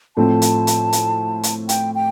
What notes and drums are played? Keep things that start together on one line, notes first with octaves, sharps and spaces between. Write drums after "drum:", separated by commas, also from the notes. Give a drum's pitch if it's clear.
A2 F3 A3 C4 A5
drum: hi-hat
drum: hi-hat
drum: hi-hat
drum: hi-hat
G5, drum: hi-hat
G5